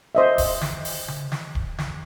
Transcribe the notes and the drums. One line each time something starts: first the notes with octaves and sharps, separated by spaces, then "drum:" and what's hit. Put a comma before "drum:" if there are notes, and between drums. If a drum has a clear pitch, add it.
C5 D#5 E5
drum: kick D1, open hi-hat
drum: snare
drum: open hi-hat
drum: tom C#3
drum: snare
drum: kick D1
drum: snare